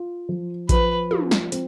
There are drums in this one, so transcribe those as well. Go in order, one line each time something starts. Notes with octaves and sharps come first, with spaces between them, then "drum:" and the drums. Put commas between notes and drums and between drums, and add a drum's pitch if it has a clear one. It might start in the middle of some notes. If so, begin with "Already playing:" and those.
Already playing: F4
F3
F3 B4, drum: kick A#1, hi-hat
F4, drum: tom
drum: snare
C4, drum: hi-hat